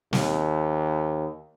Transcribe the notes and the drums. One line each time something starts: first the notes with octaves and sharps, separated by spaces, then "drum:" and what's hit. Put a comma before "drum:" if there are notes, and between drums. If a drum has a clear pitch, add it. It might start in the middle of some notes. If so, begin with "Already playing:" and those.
D#2, drum: snare